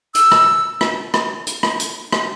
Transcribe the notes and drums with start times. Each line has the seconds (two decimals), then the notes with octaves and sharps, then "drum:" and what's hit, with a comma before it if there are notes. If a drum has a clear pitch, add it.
0.15 E6, drum: hi-hat
0.32 drum: rim click
0.81 drum: rim click
1.14 drum: rim click
1.47 drum: hi-hat
1.63 drum: rim click
1.80 drum: hi-hat
2.12 drum: rim click